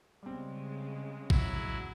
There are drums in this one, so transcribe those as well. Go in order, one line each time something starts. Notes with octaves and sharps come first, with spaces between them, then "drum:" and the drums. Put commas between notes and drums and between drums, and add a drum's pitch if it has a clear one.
C#3 G3 G#3 C4
F#3 E4, drum: kick